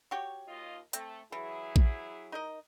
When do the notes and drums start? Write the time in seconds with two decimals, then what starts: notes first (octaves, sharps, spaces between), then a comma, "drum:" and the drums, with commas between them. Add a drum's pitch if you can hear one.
0.11 F#4 G4 C#5
0.48 D#2 F4 D#5
0.93 A3 C4, drum: hi-hat
1.32 E3 F#3 E4 G#4
1.76 drum: kick A#1
2.32 D#4 A#4 D#5